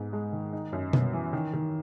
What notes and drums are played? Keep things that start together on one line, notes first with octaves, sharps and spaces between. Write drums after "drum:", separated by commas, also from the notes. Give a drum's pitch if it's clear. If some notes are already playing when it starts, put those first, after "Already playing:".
Already playing: G#2 B3
G#3
D#3
D#4
F#2
B3, drum: tom B2
E3
D#3
D#3